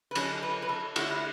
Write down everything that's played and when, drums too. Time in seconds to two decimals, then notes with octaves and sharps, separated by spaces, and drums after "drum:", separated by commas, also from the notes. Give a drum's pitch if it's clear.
0.11 B4
0.15 D3 F#3 C#4 A4, drum: cymbal
0.43 B4
0.62 B4
0.69 A4
0.96 D3 A3 D4 F#4, drum: cymbal
1.10 E4